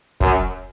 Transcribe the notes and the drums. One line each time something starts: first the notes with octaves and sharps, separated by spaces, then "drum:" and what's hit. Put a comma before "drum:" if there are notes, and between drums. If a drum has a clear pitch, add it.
F#2, drum: kick